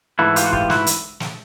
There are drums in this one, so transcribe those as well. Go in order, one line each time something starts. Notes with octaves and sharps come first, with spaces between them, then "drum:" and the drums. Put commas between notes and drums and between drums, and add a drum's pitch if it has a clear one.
G#2 E3 A3 E4 F#4
F4 G4, drum: hi-hat
F#4
F4 G4, drum: kick
E4 F#4, drum: snare
drum: hi-hat
drum: snare